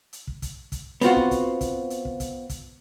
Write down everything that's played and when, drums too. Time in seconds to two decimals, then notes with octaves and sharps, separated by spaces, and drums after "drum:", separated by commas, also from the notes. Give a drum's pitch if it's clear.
0.13 drum: hi-hat
0.27 drum: kick
0.42 drum: kick, hi-hat
0.72 drum: kick, hi-hat
1.01 B3 C4 F4 F#4, drum: hi-hat
1.16 drum: kick
1.31 drum: kick, hi-hat
1.61 drum: kick, hi-hat
1.90 drum: hi-hat
2.05 drum: kick
2.20 drum: kick, hi-hat
2.49 drum: kick, hi-hat